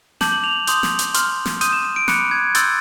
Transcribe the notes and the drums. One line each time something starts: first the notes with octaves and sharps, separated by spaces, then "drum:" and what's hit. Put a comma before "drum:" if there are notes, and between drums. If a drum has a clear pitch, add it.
A5 D6 G6 F#7, drum: snare
F#7
F7
C6 D#6 G6, drum: hi-hat
drum: snare
drum: hi-hat
C6 F6, drum: hi-hat
drum: snare
C6 D#6 G6 D#7, drum: hi-hat
E7
D#7
D7
B5 D6 F#6 C#7, drum: snare
G#6
C6 E6 G6 A6, drum: hi-hat